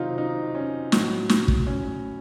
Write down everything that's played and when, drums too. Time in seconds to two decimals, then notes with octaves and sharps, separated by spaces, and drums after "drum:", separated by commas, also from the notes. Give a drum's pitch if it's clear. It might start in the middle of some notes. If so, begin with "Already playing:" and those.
Already playing: C3 D#3 F#3 C4 D#4 F4
0.18 D#4
0.55 C#4
0.92 A2 F#3, drum: snare
1.29 drum: snare
1.48 drum: kick
1.67 C#4